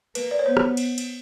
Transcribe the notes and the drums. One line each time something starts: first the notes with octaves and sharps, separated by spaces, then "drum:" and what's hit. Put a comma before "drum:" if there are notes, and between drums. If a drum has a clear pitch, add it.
A#3 B4, drum: cymbal
D5
C#5
B3 C5
drum: rim click
drum: cymbal
drum: cymbal